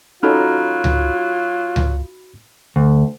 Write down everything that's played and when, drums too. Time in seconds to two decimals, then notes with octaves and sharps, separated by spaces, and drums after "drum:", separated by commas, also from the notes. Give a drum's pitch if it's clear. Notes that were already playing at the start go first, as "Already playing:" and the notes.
0.23 F#3 C#4 D#4 F4 F#4 A4 B5 F6
0.84 drum: tom C#2
1.76 drum: tom C#2
2.76 D2